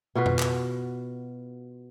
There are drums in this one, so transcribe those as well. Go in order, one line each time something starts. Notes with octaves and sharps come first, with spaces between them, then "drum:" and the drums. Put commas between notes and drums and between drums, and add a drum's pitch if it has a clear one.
B2 F4 F#4 B4
drum: tom F2
drum: clap